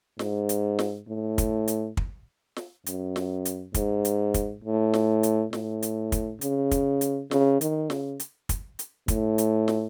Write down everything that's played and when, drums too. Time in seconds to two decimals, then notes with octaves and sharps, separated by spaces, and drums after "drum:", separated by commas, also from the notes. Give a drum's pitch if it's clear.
0.19 G#2, drum: snare
0.49 drum: hi-hat
0.79 drum: snare
1.08 A2
1.38 drum: kick, hi-hat
1.68 drum: hi-hat
1.97 drum: kick
2.56 drum: snare
2.86 F#2, drum: hi-hat
3.16 drum: snare
3.45 drum: hi-hat
3.74 G#2, drum: kick, hi-hat
4.05 drum: hi-hat
4.34 drum: kick, hi-hat
4.64 A2
4.94 drum: snare
5.23 drum: hi-hat
5.53 A2, drum: snare
5.82 drum: hi-hat
6.12 drum: kick, hi-hat
6.41 C#3, drum: hi-hat
6.71 drum: kick, hi-hat
7.01 drum: hi-hat
7.31 C#3, drum: snare
7.61 D#3, drum: hi-hat
7.90 C#3, drum: snare
8.20 drum: hi-hat
8.49 drum: kick, hi-hat
8.79 drum: hi-hat
9.08 A2, drum: kick, hi-hat
9.38 drum: hi-hat
9.68 drum: snare